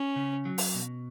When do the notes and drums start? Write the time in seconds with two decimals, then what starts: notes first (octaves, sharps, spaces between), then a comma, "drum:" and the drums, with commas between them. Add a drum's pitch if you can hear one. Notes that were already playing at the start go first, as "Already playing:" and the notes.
Already playing: C#4
0.16 C#3
0.45 F#3
0.58 drum: open hi-hat
0.75 B2